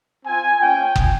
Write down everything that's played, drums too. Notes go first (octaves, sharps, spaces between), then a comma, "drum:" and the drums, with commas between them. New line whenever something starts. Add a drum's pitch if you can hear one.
C4 F4 G#5
A#3 C#4 F4 G5
drum: kick F#1